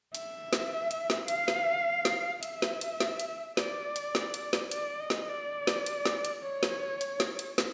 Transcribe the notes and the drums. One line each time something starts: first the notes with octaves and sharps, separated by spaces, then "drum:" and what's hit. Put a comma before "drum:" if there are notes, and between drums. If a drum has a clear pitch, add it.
E5, drum: hi-hat
drum: snare
drum: hi-hat
drum: snare
F5, drum: hi-hat
drum: snare
drum: snare
E5, drum: hi-hat
drum: snare
drum: hi-hat
drum: snare
drum: hi-hat
D5, drum: snare
drum: hi-hat
drum: snare
drum: hi-hat
drum: snare
D5, drum: hi-hat
D#5
drum: snare
D5
drum: snare
drum: hi-hat
drum: snare
drum: hi-hat
C#5
drum: snare
drum: hi-hat
drum: snare
drum: hi-hat
drum: snare